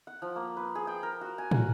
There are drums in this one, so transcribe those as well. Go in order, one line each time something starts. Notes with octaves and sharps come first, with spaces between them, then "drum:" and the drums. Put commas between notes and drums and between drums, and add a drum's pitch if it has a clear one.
F#5
F3
A#3
B4
G#4
G5
A#4
F#4
G#5
F#5, drum: tom